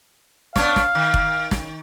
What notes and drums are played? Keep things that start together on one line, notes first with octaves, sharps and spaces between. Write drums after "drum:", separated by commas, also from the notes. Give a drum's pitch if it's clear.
B3 D4 C#5 F5, drum: snare
drum: snare
D#3
drum: kick F1
drum: snare